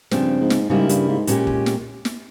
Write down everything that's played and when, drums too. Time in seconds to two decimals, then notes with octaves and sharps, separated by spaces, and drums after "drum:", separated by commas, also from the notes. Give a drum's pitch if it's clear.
0.11 G2 C#3 F3 C4, drum: snare
0.41 G#2
0.50 drum: snare
0.69 G#2 C#3 G3 A#3 E4
0.89 G2, drum: hi-hat
1.09 G#2
1.27 A#2 G#3 C#4 G4, drum: hi-hat
1.47 drum: kick
1.66 drum: snare
2.05 drum: snare